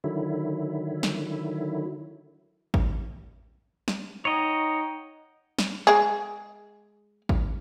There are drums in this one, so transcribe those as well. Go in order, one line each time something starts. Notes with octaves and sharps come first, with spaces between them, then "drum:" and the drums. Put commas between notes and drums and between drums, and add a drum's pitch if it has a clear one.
D3 D#3 F#3 E4
drum: snare
drum: kick A1
drum: snare
D#4 C#5 D#5 F#5 G5 A#5
drum: snare
G#3 G#4
drum: kick A1